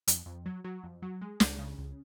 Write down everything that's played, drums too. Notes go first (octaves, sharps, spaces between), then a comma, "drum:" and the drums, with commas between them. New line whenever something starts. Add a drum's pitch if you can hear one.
F2, drum: hi-hat
F2
F#3
F#3
F2
F#3
G#3
C#2, drum: snare
C#3
C#2